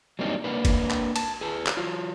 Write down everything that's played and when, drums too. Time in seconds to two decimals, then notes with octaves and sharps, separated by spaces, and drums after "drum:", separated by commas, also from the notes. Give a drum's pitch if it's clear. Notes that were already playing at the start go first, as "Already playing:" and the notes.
0.19 F#3 G3 A#3 C4 D4 D#4
0.44 A#3 D4 B4
0.65 drum: kick G1, cymbal
0.90 drum: clap
1.16 A5, drum: cymbal
1.41 G#4 B4
1.66 drum: clap
1.77 F#3 F4